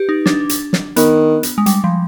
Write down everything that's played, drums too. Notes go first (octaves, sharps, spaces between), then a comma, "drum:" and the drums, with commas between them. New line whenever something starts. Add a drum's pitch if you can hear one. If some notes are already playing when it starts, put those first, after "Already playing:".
Already playing: G4 B4
D#4
D4, drum: snare
drum: hi-hat
drum: snare
D#3 B3, drum: hi-hat
drum: hi-hat
G#3
G3, drum: hi-hat
F3